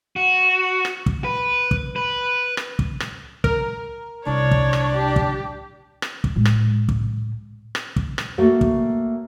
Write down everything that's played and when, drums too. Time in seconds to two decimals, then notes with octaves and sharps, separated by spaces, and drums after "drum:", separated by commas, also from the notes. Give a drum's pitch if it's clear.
0.16 F#4
0.85 drum: rim click
1.06 drum: kick
1.24 B4
1.71 drum: kick
1.96 B4
2.57 drum: rim click
2.79 drum: kick
3.00 drum: rim click
3.44 A#4, drum: kick
4.26 C2 D4 C#5
4.51 drum: kick
4.73 drum: rim click
4.94 G4
5.16 drum: kick
6.02 drum: rim click
6.24 drum: kick
6.36 A2 G#3
6.45 drum: rim click
6.89 drum: kick
7.75 drum: rim click
7.96 drum: kick
8.18 drum: rim click
8.38 A3 A#3 F#4 C#5
8.61 drum: kick